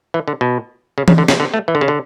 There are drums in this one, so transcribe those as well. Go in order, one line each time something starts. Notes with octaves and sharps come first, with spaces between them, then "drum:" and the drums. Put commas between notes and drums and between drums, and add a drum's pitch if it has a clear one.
E3
D3
B2
C#3
C#3, drum: tom E3
D3
C#3, drum: snare
D3
A3
E3
D3
C#3
D3